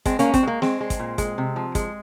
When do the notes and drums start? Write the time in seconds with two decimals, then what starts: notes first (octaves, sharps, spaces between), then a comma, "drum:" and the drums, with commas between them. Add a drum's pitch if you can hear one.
0.06 G#3 C4, drum: kick, hi-hat
0.19 A#3 C#4, drum: hi-hat
0.25 G#3
0.34 C4, drum: kick, hi-hat
0.43 G#3 A#3
0.62 G#3 C4, drum: snare
0.81 G#3
0.90 drum: kick, hi-hat
0.99 A#2
1.18 G#3, drum: kick, hi-hat
1.38 C3
1.56 F3
1.75 G#3, drum: kick, hi-hat